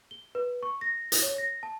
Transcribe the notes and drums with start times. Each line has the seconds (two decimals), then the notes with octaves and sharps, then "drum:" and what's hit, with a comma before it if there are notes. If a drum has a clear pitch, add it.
0.11 G7
0.35 B4
0.63 C#6
0.81 A#6
1.12 drum: hi-hat
1.22 C#5
1.38 A#6
1.63 A5